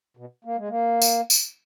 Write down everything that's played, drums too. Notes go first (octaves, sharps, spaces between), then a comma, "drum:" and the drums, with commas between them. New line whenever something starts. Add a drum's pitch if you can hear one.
B2
A#3
G#3
A#3
drum: tambourine
drum: tambourine